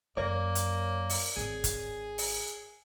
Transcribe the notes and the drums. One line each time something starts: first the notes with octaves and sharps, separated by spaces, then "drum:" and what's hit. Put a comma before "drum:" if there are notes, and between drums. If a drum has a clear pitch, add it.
F#2 A#3 A#4 C#5 D5
drum: hi-hat
drum: open hi-hat
G#1 G#4
drum: kick, hi-hat
drum: open hi-hat